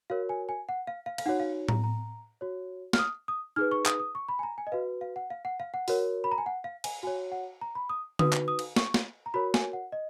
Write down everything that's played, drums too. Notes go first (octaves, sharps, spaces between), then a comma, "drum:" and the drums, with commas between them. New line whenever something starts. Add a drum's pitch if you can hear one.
F#4 A#4 C#5 F5
G#5
G#5
F#5
F5
F5
F5, drum: cymbal
D#4 F#4 C#5 F#5
F5
A#5, drum: tom A2
A#5
F#4 C#5
F6, drum: snare
D#6
D#6
D#4 G#4 B4 F6
C#6
D#6, drum: clap
D#6
C#6
B5
G#5
A#5
G#5
D#5
F#4 B4 F5
F5
F#5
F5
F#5
F5
F#5
F#4 A#4 C#5, drum: open hi-hat
B5
A#5
G#5
F#5
F5
G#5, drum: cymbal
F#4 C#5 G#5
F#5
A#5
B5
D#6
D#4 F#4 B4 D#6, drum: tom D3
drum: clap
D#6
drum: cymbal
C#6, drum: snare
drum: snare
A#5
F#4 A#4 C#5 B5
G#5, drum: snare
F#5
D#5